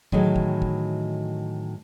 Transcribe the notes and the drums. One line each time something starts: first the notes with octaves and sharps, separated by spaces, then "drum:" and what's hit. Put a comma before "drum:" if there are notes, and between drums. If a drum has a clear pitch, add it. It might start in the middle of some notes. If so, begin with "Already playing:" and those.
A2 D#3 E3 F#3 G#4 A4, drum: kick
drum: kick
drum: kick